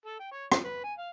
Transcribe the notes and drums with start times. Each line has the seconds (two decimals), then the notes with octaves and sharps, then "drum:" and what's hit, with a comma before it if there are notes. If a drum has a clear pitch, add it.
0.06 A4
0.20 G5
0.32 C#5
0.52 F3, drum: rim click
0.64 B4
0.84 G#5
0.98 F5